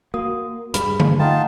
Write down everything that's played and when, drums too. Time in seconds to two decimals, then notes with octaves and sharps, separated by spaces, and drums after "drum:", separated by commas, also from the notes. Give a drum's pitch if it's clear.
0.14 A#3 F#4 D#6
0.74 G2 G3 G#4 B5 F6, drum: hi-hat
1.00 drum: tom D3
1.19 A3 D#4 F4 F#5 G5 A5